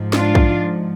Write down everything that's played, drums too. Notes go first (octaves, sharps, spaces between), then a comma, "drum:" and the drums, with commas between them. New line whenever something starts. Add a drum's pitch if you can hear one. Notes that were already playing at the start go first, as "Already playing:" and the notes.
Already playing: G#2 F3
D4 F4, drum: snare
drum: kick A#1